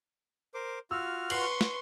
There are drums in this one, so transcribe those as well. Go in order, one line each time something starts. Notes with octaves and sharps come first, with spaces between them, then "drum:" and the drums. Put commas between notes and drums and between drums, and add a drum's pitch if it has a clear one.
A#4 C5 D6
F4 F#4 E6 F6
B4 F#5 C6 C#6 C7 F#7, drum: cymbal
drum: snare